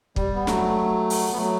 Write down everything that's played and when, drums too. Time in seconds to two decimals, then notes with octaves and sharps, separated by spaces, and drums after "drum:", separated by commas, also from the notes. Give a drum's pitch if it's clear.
0.16 G3, drum: kick
0.35 B3
0.47 F#3 A3, drum: snare
1.10 drum: open hi-hat
1.33 B3
1.38 F#3 A3